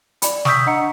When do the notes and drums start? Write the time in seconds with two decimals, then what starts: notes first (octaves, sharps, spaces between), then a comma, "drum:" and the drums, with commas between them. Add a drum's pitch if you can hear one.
0.22 D5 B5, drum: hi-hat
0.45 C#6 D#6 E6 G6 B6, drum: snare
0.66 D4 D#5 F#5 A#5 C#7